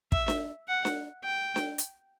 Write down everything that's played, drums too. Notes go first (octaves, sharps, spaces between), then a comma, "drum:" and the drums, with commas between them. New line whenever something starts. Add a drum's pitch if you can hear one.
E5, drum: kick
drum: snare D4
F#5
drum: snare D4
G5
drum: snare D4
drum: hi-hat